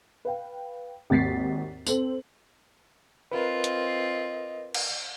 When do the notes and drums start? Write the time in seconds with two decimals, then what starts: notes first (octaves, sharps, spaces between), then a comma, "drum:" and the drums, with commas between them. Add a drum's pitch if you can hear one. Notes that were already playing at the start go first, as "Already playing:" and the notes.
0.25 B4 F5 G5
1.10 G#1 D#2 A6 B6 C7
1.87 C4 A4 C5 F#7, drum: tambourine
3.32 C4 F4 A#4 B4 D#5
3.64 drum: hi-hat
4.74 drum: cymbal